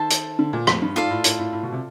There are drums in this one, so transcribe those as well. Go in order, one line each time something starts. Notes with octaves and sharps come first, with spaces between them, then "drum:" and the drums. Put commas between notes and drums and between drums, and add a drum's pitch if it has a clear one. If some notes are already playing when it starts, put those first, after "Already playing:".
Already playing: D#3 A4 C5 E5 A5
drum: hi-hat
D3
A#2
F2, drum: rim click
G2
G#2 F4 A4 D5 F5
A2
A2, drum: hi-hat
A2
A2
B2
C3